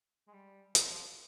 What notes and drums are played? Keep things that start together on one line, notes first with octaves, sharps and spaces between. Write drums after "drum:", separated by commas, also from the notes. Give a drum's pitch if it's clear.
G#3
G3
F3, drum: hi-hat